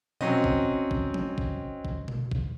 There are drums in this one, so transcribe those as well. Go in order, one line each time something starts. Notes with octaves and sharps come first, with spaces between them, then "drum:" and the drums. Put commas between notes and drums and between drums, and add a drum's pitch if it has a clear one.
F#3 C4 C#4 D#5, drum: tom B2
drum: kick A1
drum: kick A1
drum: tom F#3
drum: kick A1
drum: kick A1
drum: tom B2
drum: kick A1